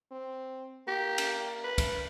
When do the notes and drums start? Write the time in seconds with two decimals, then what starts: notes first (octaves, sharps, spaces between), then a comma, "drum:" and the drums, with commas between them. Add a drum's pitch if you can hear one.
0.12 C4
0.88 A#3 G4
1.18 drum: cymbal
1.64 B4
1.78 drum: kick, cymbal